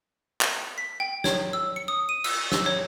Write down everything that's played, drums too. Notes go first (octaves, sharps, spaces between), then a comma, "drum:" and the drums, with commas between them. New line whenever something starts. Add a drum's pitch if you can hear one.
drum: clap
B6
G5
C#5, drum: snare
E6
C#7
D#6
D#7
E6, drum: cymbal
E6, drum: snare
C#5